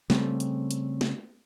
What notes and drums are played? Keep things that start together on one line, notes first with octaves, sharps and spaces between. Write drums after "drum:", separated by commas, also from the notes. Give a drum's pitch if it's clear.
C#3 G3 A3 C4, drum: snare
drum: hi-hat
drum: hi-hat
drum: snare